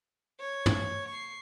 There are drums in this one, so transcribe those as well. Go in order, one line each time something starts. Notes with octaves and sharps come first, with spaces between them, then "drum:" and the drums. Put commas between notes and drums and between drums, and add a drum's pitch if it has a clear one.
C#5
drum: tom
C#6 C7